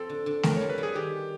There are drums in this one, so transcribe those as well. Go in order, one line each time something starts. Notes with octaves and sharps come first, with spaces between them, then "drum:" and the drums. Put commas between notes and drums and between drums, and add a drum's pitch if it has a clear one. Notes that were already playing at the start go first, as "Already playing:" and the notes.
Already playing: F2 C4 A4
D3
D3
F2 A#4, drum: snare A3
G3 C#5
B4
G3
G#4
D#3 G4